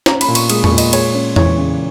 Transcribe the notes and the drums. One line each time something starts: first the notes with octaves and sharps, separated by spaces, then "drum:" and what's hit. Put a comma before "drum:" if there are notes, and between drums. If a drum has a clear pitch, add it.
C#4 A#5, drum: snare
B5, drum: cymbal
A#2
C#6, drum: cymbal
G#3 D#6, drum: cymbal
C#6, drum: tom E2
A#2
D#5, drum: cymbal
G#3 C#5, drum: cymbal
C#4
E3 C#5, drum: tom E2
C#3